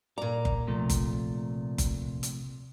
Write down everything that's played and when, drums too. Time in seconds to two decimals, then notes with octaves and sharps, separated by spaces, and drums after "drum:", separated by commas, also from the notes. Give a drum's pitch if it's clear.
0.18 A#2 D5 A#5
0.45 drum: kick F#1
0.67 C3 F3 A3
0.90 drum: kick F#1, hi-hat
1.78 drum: kick F#1, hi-hat
2.23 drum: hi-hat